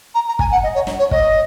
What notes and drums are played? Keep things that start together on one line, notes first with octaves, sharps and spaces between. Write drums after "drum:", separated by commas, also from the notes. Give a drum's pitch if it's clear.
A#5
A#5
G#5, drum: kick
F#5
D#5
C#5
drum: snare
C#5
D#5, drum: kick